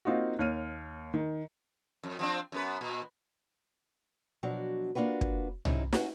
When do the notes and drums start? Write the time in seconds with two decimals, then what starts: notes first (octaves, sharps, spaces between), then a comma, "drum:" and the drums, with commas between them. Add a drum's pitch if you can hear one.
0.05 A#3 C4 D#4 F4 F#4
0.39 D#2 C#5 F6 D#7
1.14 D#3
2.03 F2
2.19 F3 C4 D4
2.52 F#2 B3 B4
2.81 A#2
4.43 B2 F3 F#3 D4 F#4
4.95 A#3 D4 F4 F#4 B4
5.21 drum: kick
5.65 C3 F#3 C#4 D#4 E4, drum: tom C2
5.93 C#4 F#4, drum: snare